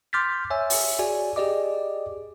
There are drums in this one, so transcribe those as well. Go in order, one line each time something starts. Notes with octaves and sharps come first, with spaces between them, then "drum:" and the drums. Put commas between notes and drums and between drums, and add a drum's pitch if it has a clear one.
C6 D6 F6 G6 A6 B6
C#5 E5 G#5 E6
drum: open hi-hat
F#4 G#4 D5 G#5
G4 G#4 D5 D#5 D6